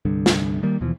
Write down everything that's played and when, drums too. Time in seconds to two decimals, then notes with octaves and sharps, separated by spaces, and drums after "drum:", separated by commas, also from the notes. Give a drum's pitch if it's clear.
0.05 C2 G2 D3
0.26 drum: snare
0.63 D#3 G3 A#3
0.81 D#2 B2 E3 F3